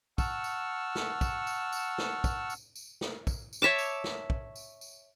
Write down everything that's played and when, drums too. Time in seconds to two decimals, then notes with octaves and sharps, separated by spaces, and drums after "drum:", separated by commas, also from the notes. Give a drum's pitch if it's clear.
0.18 F#5 A5 C#6 E6 F6, drum: kick, tambourine
0.44 drum: tambourine
0.95 drum: snare
1.21 drum: kick, tambourine
1.47 drum: tambourine
1.73 drum: tambourine
1.98 drum: snare
2.24 drum: kick, tambourine
2.50 drum: tambourine
2.75 drum: tambourine
3.01 drum: snare
3.27 drum: kick, tambourine
3.53 drum: tambourine
3.62 C#5 E5 A5 D6
3.78 drum: tambourine
4.04 drum: snare
4.30 drum: kick
4.56 drum: tambourine
4.81 drum: tambourine